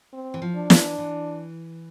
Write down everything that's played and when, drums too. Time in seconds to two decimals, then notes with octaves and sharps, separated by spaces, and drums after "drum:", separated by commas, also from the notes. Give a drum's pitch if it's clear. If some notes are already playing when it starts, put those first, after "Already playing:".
0.13 C4
0.34 E3
0.42 F3
0.55 D4
0.70 E3, drum: snare
0.98 E3